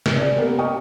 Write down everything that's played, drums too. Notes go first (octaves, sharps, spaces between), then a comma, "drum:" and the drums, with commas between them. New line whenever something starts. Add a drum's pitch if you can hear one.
drum: snare
G#4 D5
A#3 B3 G4 A#4 B4
D#5 G5 C#6 D#6 F6